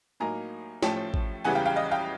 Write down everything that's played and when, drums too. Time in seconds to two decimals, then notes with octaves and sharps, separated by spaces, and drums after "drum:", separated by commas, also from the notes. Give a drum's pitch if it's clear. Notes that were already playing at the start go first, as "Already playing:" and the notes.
0.20 A2 F#3 A#3 D#4 G#5 A#5
0.83 A2 F3 A3 C#4 G5 A5, drum: snare
1.14 drum: kick
1.45 E2 C#3 E3 G3 F#5 G#5
1.55 F5 G5
1.66 F5 G5
1.76 D#5 F5
1.91 F5 G5